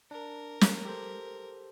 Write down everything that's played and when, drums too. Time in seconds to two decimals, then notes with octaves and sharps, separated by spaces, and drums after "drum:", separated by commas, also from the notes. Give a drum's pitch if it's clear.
0.11 D4 A#4
0.61 drum: snare
0.85 G4 A4 C5